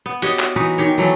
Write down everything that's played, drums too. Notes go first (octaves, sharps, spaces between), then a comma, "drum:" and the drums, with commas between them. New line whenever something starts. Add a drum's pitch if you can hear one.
B3
F#4 G4 C#5 D#5, drum: cymbal
drum: clap
E3 D#4 F#4 B4
D#3 G4 C#5
E3 F#3 A3